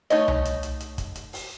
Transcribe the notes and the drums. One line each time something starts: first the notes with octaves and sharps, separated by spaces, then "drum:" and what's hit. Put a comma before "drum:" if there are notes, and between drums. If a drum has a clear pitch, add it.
A3 C#4 D#4 C#5 D#5, drum: hi-hat
drum: tom C2
drum: hi-hat
drum: hi-hat
drum: hi-hat
drum: kick, hi-hat
drum: hi-hat
drum: open hi-hat